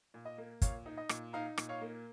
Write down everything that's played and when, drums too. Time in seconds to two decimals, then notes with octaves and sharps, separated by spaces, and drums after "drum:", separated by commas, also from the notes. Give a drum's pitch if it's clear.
0.14 A#2
0.25 D#5
0.38 A#3
0.62 A#2 C#5 F5, drum: kick, hi-hat
0.86 D#4
0.97 D#5
1.09 A#2, drum: rim click
1.33 D#4 F5 A#5
1.58 A#2, drum: rim click
1.69 C#5 F5
1.81 A#3